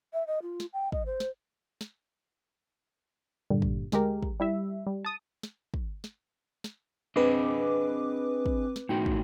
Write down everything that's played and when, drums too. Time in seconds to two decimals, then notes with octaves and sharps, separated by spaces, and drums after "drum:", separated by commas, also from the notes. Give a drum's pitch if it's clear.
0.13 E5
0.27 D#5
0.42 F4
0.60 drum: snare
0.73 G5
0.92 D#5, drum: kick
1.06 C5
1.20 drum: snare
1.81 drum: snare
3.50 G2 A#2 D3 G3
3.62 drum: kick
3.92 D2 G#3 G4 A#4, drum: snare
4.23 drum: kick
4.40 G3 E4 E5
4.87 G3
5.05 A5 D#6
5.43 drum: snare
5.74 drum: kick
6.04 drum: snare
6.64 drum: snare
7.16 C4 D4 G#4 B4 D#5 D6
8.46 drum: kick
8.76 drum: snare
8.89 A2 D#4 F#4 G5
9.06 drum: kick